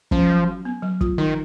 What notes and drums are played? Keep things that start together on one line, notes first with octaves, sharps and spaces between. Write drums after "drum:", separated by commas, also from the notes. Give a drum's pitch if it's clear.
F3 C#4, drum: kick
F#3
F#4
B3
F#3
F4, drum: kick
D#3 D#4